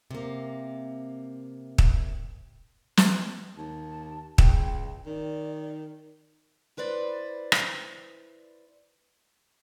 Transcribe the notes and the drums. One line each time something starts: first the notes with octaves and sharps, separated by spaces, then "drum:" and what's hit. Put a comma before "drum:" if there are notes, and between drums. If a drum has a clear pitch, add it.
C3 A#3
drum: kick
drum: snare
D#2 A5
C#2 G5, drum: kick
D#3 D5
E4 B4 C5 D5 E5
drum: rim click